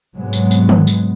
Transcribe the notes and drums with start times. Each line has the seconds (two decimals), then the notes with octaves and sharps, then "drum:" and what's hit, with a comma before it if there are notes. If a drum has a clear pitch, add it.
0.15 G#2 C3 F#3 G#3 B3
0.33 drum: tambourine
0.51 drum: tambourine
0.69 drum: tom
0.87 drum: tambourine